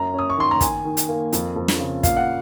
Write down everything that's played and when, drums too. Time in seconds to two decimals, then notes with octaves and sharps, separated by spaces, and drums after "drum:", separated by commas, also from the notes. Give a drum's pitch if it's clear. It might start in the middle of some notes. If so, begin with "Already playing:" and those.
Already playing: F#2 A#5
0.14 C#4 D#6
0.30 C#6
0.37 D#3 C6
0.51 A#5
0.61 D#3 G#5, drum: kick, hi-hat
0.85 D#3
0.97 drum: hi-hat
1.09 A#3
1.33 F2, drum: hi-hat
1.56 F2
1.68 drum: snare
1.80 C#3
2.03 A#2 F5, drum: kick, hi-hat
2.16 F#5